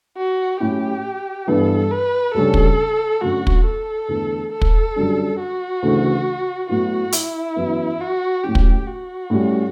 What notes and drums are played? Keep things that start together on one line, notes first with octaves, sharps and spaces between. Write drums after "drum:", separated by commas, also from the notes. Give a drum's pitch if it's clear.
F#4
A2 F#3 C#4 E4 G4
G2 E3 B3 A4
B4
D2 C#3 G3 C#4 A4
drum: kick
F#2 D3 F#3 A3 F#4
drum: kick
A4
E2 D3 A3
A4
drum: kick
F#2 D3 G3 D4
F#4
D2 C#3 E3 A3
A2 F#3 B3 E4 F#4
E4, drum: hi-hat
F#2 E3 B3
F#4
A2 F#3 C#4 E4 G4
drum: kick
F#4
A2 G3 C#4